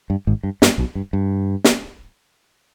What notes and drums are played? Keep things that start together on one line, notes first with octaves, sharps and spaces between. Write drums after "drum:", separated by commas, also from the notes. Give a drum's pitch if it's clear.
G2
G#1 G#2
G2
G2, drum: snare
B1 B2
G2
G2
drum: snare